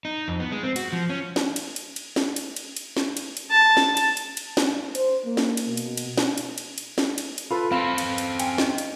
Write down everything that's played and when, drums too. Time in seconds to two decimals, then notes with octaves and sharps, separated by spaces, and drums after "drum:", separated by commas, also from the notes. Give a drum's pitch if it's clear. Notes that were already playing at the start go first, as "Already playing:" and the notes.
0.05 D#4
0.28 F2
0.39 B3
0.52 G#3
0.63 C4
0.76 F#4, drum: cymbal
0.93 F3
1.10 C#4
1.36 drum: snare
1.56 drum: cymbal
1.76 drum: cymbal
1.96 drum: cymbal
2.16 drum: snare
2.36 drum: cymbal
2.56 drum: cymbal
2.77 drum: cymbal
2.97 drum: snare
3.17 drum: cymbal
3.37 drum: cymbal
3.51 A5
3.77 drum: snare
3.97 drum: cymbal
4.17 drum: cymbal
4.37 drum: cymbal
4.57 drum: snare
4.95 C5, drum: cymbal
5.24 A#3
5.37 drum: snare
5.57 drum: cymbal
5.67 B2
5.77 drum: cymbal
5.97 drum: cymbal
6.18 drum: snare
6.38 drum: cymbal
6.58 drum: cymbal
6.78 drum: cymbal
6.98 drum: snare
7.18 drum: cymbal
7.38 drum: cymbal
7.51 F4 A4 B4 B5
7.72 C4 A4 F5 B5 C6 E7
7.98 drum: cymbal
8.18 drum: cymbal
8.40 G5 G#5, drum: cymbal
8.58 D#5, drum: snare
8.78 drum: cymbal